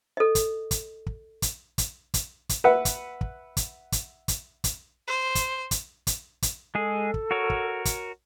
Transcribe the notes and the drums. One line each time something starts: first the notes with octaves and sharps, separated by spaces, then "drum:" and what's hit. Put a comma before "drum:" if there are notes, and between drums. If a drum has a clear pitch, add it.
A4 D#5
drum: kick, hi-hat
drum: kick, hi-hat
drum: kick
drum: kick, hi-hat
drum: kick, hi-hat
drum: kick, hi-hat
drum: kick, hi-hat
B4 E5 F#5
drum: kick, hi-hat
drum: kick
drum: kick, hi-hat
drum: kick, hi-hat
drum: kick, hi-hat
drum: kick, hi-hat
C5
drum: kick, hi-hat
drum: kick, hi-hat
drum: kick, hi-hat
drum: kick, hi-hat
G#3 G#4 A4
drum: kick
F#4 A#4 C#5
drum: kick
drum: kick, hi-hat